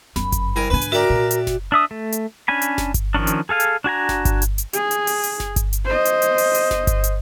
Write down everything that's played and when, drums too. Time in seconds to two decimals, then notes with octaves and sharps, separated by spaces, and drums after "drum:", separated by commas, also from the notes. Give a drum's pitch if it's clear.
0.16 F#2 B5, drum: snare F#1
0.32 drum: kick G1, hi-hat
0.56 C2 A#4 G#5
0.70 G#2 D3 B4 G#5
0.81 drum: hi-hat
0.92 F#4 G4 A#4 D5 E5
1.10 A#2
1.31 drum: hi-hat
1.47 drum: snare F#1
1.72 D4 E5 D#6
1.91 A3
2.12 drum: hi-hat
2.48 C#4 D4 G#5 B5
2.62 drum: hi-hat
2.78 drum: snare F#1
2.94 drum: kick G1, hi-hat
3.14 D#3 F3 A#3 C#4 D4
3.27 drum: hi-hat
3.49 G#4 A4 F5 G#5
3.60 drum: hi-hat
3.84 D4 F#4 G#5 A#5
4.09 drum: snare F#1
4.25 drum: kick G1, hi-hat
4.42 drum: hi-hat
4.58 drum: hi-hat
4.73 G#4, drum: hi-hat
4.91 drum: hi-hat
5.07 drum: open hi-hat
5.23 drum: hi-hat
5.40 drum: snare F#1
5.56 drum: kick G1, hi-hat
5.73 drum: hi-hat
5.85 C5 D#5
6.05 drum: hi-hat
6.22 drum: hi-hat
6.38 drum: open hi-hat
6.54 drum: hi-hat
6.71 drum: snare F#1
6.87 drum: kick G1, hi-hat
7.04 drum: hi-hat